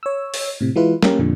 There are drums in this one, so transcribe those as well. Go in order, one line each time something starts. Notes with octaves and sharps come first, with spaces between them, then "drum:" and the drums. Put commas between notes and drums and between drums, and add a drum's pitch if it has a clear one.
C#5 E6
drum: open hi-hat
A2 C3
E3 G#3 E4 F4 B4
A#3 C#4 G4 A#4, drum: snare
F2 A#2 D3